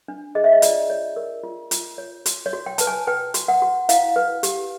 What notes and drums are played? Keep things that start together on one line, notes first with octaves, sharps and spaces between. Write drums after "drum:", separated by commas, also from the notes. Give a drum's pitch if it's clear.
D4
G#4 D#5
E5
D#5
F4 D5, drum: hi-hat
C#5
A#4
F4
F4, drum: hi-hat
C#5
F#4, drum: hi-hat
C#5
F#4
G5
B4 A5, drum: hi-hat
G#5
B4 G5
F#4, drum: hi-hat
F#5
F#4
E4 F5, drum: hi-hat
B4
G4, drum: hi-hat